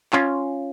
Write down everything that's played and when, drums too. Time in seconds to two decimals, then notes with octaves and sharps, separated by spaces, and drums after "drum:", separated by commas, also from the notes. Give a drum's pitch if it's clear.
0.13 C#4 F4, drum: clap